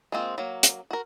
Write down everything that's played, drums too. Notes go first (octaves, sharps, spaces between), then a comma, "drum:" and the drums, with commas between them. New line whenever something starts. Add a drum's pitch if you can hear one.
G#3 A#3 C4 F4
F#3 A#3
drum: hi-hat
F#4 A#4